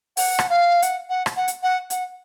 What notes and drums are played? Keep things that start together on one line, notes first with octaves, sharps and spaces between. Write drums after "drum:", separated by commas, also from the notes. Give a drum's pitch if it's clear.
F#5, drum: open hi-hat
drum: rim click
F5
F#5, drum: hi-hat
F#5
drum: rim click
F#5
drum: hi-hat
F#5
F#5, drum: hi-hat